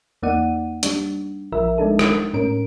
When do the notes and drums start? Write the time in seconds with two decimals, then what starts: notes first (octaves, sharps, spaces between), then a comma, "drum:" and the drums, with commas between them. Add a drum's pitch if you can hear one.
0.22 E2 A#3 D#4 D5 F#5 D#7
0.83 G3 D4, drum: hi-hat
1.52 A#1 F3 A#4 E5
1.78 G#3 D4 D#4 A4
1.99 drum: rim click
2.34 A2 C#4 A#4 D7